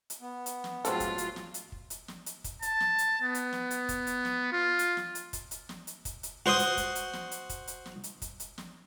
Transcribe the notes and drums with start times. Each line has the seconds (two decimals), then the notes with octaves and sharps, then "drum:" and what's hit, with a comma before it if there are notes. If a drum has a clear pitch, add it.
0.10 drum: hi-hat
0.21 B3
0.46 drum: hi-hat
0.64 drum: snare
0.85 A2 F#3 G#3 C4 F4 A4, drum: hi-hat
1.00 drum: kick, hi-hat
1.18 drum: hi-hat
1.36 drum: snare
1.54 drum: hi-hat
1.72 drum: kick
1.90 drum: hi-hat
2.08 drum: snare
2.26 drum: hi-hat
2.44 drum: kick, hi-hat
2.62 A5, drum: hi-hat
2.80 drum: snare
2.98 drum: hi-hat
3.22 B3
3.35 drum: hi-hat
3.53 drum: snare
3.71 drum: hi-hat
3.89 drum: kick, hi-hat
4.07 drum: hi-hat
4.25 drum: snare
4.52 F4
4.79 drum: hi-hat
4.97 drum: snare
5.15 drum: hi-hat
5.33 drum: kick, hi-hat
5.51 drum: hi-hat
5.69 drum: snare
5.87 drum: hi-hat
6.05 drum: kick, hi-hat
6.23 drum: hi-hat
6.46 F#4 C5 C6 D#6
6.59 drum: hi-hat
6.77 drum: kick, hi-hat
6.95 drum: hi-hat
7.13 drum: snare
7.31 drum: hi-hat
7.49 drum: kick, hi-hat
7.67 drum: hi-hat
7.86 drum: snare
8.04 drum: hi-hat
8.22 drum: kick, hi-hat
8.40 drum: hi-hat
8.58 drum: snare